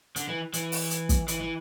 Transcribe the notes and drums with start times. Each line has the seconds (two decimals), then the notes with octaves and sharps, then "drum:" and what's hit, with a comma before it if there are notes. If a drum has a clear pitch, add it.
0.16 D3, drum: hi-hat
0.28 E3
0.53 E3, drum: hi-hat
0.72 drum: open hi-hat
0.91 drum: hi-hat
1.09 drum: kick, hi-hat
1.28 E3, drum: hi-hat
1.40 E3